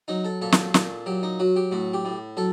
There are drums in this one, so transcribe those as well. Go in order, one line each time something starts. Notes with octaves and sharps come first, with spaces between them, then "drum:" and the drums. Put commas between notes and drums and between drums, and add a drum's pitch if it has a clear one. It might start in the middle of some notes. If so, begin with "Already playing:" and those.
F#3 D#4
A4
A#2 A4
drum: snare
A#2, drum: snare
F#3 G4
D#4
F#3 F#4
G4
A2 F#4
G4
A2
F#3 A4